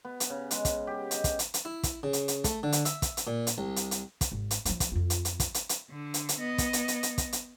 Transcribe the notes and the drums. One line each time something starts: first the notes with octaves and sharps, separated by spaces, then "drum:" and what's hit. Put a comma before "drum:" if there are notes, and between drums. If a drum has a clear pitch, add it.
B3
drum: hi-hat
C#3
G#3, drum: hi-hat
drum: kick, hi-hat
G4
D#5, drum: hi-hat
drum: kick, hi-hat
drum: hi-hat
drum: hi-hat
E4
drum: kick, hi-hat
C#3
drum: hi-hat
drum: hi-hat
A3, drum: kick, hi-hat
D3
drum: hi-hat
E5, drum: hi-hat
drum: kick, hi-hat
drum: hi-hat
A#2
drum: hi-hat
C2
drum: hi-hat
drum: hi-hat
drum: kick, hi-hat
G#1
drum: hi-hat
F3 F#3, drum: hi-hat
drum: kick, hi-hat
F2 F4
drum: hi-hat
drum: hi-hat
drum: kick, hi-hat
drum: hi-hat
drum: hi-hat
D3
drum: hi-hat
drum: hi-hat
B3 D#5
drum: kick, hi-hat
drum: hi-hat
drum: hi-hat
drum: hi-hat
drum: kick, hi-hat
drum: hi-hat